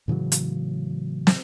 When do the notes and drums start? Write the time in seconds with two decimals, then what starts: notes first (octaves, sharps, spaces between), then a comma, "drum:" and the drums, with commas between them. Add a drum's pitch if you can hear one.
0.08 A2 C#3 E3 F#3
0.32 drum: hi-hat
1.27 drum: snare